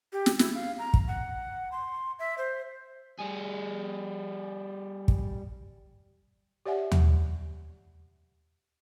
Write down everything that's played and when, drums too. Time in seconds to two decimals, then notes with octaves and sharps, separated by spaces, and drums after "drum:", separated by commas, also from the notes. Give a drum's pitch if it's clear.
0.13 G4
0.26 drum: snare
0.39 E4, drum: snare
0.54 F5
0.79 A#5
0.94 drum: kick
1.08 F#5
1.72 C6
2.19 E5
2.38 C5
3.19 G3 G#4
5.08 drum: kick
6.66 G4 C#5 D5 E5 F#5 G#5
6.92 drum: tom D#2